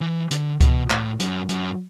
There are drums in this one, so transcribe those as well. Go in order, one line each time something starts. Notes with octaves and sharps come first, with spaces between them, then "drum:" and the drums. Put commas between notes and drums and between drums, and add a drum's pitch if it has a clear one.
E3
D3, drum: hi-hat
B2, drum: kick C#2, hi-hat
A2, drum: clap
F#2, drum: hi-hat
F#2, drum: hi-hat